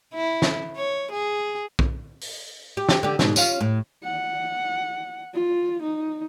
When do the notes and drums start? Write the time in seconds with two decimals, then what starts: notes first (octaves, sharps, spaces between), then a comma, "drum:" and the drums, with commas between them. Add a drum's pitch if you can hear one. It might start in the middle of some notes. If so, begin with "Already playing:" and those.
0.15 E4
0.42 drum: snare
0.77 C#5
1.12 G#4
1.79 drum: kick
2.21 drum: open hi-hat
2.77 G4
2.89 drum: snare
3.03 D3 G4
3.19 G#2 B2, drum: snare
3.36 C#4 F4 F5, drum: tambourine
3.61 A2
4.04 F#5
5.34 F4
5.83 D#4